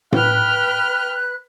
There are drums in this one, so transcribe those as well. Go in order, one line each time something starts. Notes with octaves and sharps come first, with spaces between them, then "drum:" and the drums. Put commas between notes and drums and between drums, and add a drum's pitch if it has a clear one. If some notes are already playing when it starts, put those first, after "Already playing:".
B4 G5 F6 F#6, drum: tom A2